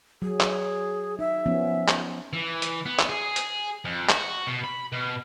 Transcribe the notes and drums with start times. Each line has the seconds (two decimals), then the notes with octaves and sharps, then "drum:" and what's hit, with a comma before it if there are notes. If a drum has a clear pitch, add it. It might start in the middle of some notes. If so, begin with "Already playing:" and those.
0.22 F#3 G#4
0.40 drum: clap
1.19 D#4 E5
1.46 F3 B3 C#4
1.88 drum: clap
2.33 E3
2.62 drum: hi-hat
2.86 B3
2.99 drum: clap
3.09 G#4
3.36 drum: hi-hat
3.85 F2
4.09 F#4, drum: clap
4.47 B2
4.64 B5
4.92 B2